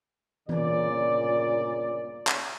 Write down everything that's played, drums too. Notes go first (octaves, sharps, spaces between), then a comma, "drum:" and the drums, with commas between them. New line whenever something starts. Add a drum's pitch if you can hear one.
G1 A#2 C#3 D5, drum: tom E3
drum: clap